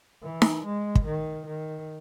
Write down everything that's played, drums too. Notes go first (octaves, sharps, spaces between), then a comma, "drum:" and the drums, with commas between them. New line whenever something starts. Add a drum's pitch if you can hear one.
E3
drum: snare D#4
G#3
drum: kick
D#3
D#3